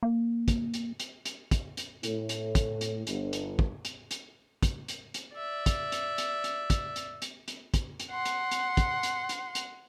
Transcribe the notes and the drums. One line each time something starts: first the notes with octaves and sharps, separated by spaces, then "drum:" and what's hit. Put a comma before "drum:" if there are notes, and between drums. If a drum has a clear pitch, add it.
A#3
drum: kick, hi-hat
drum: hi-hat
drum: hi-hat
drum: hi-hat
drum: kick, hi-hat
drum: hi-hat
A2, drum: hi-hat
drum: hi-hat
drum: kick, hi-hat
drum: hi-hat
G1, drum: hi-hat
drum: hi-hat
drum: kick
drum: hi-hat
drum: hi-hat
drum: kick, hi-hat
drum: hi-hat
drum: hi-hat
D5 E5
drum: kick, hi-hat
drum: hi-hat
drum: hi-hat
drum: hi-hat
drum: kick, hi-hat
drum: hi-hat
drum: hi-hat
drum: hi-hat
drum: kick, hi-hat
drum: hi-hat
F#5 C6
drum: hi-hat
drum: hi-hat
drum: kick, hi-hat
drum: hi-hat
drum: hi-hat
drum: hi-hat